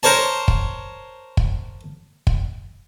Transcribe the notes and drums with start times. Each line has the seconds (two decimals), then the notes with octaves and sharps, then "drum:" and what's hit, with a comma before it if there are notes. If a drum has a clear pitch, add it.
0.03 A#4 C5 C#5 A5
0.48 drum: kick
1.37 drum: kick
2.27 drum: kick